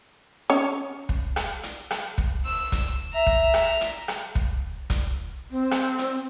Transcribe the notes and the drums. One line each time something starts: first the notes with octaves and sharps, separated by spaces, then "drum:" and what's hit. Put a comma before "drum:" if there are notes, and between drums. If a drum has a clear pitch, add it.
C#4 C#5
drum: kick
drum: rim click
drum: hi-hat
drum: rim click
drum: kick
E6
drum: kick, hi-hat
E5 A#5
drum: kick
drum: rim click
drum: hi-hat
drum: rim click
drum: kick
drum: kick, hi-hat
C4
drum: rim click
drum: hi-hat